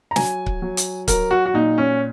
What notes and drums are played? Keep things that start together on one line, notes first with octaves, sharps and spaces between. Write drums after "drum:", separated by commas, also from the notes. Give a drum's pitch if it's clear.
A#5
F#3 G#5, drum: snare
drum: kick C#1
F#3
drum: hi-hat
F#3 A#4, drum: kick C#1, hi-hat
F#4
F#4
A#2 D#4
C#4